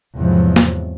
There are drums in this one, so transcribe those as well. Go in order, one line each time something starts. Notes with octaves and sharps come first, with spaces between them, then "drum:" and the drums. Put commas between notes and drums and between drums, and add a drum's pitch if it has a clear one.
E2 G#2 C3 F3 F#3
drum: snare